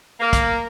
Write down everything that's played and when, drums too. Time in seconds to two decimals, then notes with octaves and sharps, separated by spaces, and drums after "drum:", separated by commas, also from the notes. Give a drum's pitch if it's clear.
0.20 A#3
0.33 drum: kick, hi-hat